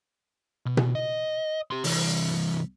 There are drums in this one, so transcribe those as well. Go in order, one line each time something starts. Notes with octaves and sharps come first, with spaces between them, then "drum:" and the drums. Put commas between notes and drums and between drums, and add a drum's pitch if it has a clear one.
B2
drum: tom B2
D#5
G4 C6
C2 E3, drum: open hi-hat